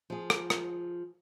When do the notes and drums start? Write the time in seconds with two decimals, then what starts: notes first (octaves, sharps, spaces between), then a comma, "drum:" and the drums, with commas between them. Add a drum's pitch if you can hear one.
0.10 F3 G#4
0.30 drum: rim click
0.50 drum: rim click